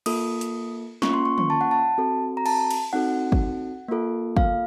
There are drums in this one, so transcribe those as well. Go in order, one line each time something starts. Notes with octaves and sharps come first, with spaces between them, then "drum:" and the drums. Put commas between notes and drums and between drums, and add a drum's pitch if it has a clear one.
A#3 F4 A4 D#6, drum: cymbal
drum: hi-hat
A#3 C#4 F4 C#6, drum: snare
C6
C#6
C#6, drum: tom D3
A5
F#5
A5
C4 F#4 A4
A#5
A5, drum: cymbal
drum: cymbal
C4 D#4 F#4 A4 F#5
drum: kick
A#3 F4 A4
F5, drum: kick